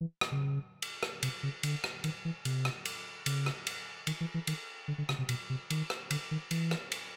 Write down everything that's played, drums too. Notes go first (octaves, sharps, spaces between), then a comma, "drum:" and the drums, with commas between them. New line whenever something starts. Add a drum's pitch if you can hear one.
E3
drum: rim click
C#3
drum: cymbal
drum: rim click
C3, drum: cymbal
C#3
D3, drum: cymbal
drum: rim click
D#3, drum: cymbal
E3
C3, drum: cymbal
drum: rim click
drum: cymbal
C#3, drum: cymbal
drum: rim click
drum: cymbal
D#3, drum: cymbal
E3
E3
D#3, drum: cymbal
D3
D3
C#3, drum: rim click
C3
B2, drum: cymbal
C3
D#3, drum: cymbal
drum: rim click
D3, drum: cymbal
D#3
E3, drum: cymbal
drum: rim click
drum: cymbal